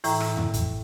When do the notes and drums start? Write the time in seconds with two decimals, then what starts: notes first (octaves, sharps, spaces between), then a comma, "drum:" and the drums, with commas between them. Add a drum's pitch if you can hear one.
0.04 A2 E3 E4 G5 A#5, drum: open hi-hat
0.20 drum: rim click
0.37 drum: tom E2
0.54 drum: kick, hi-hat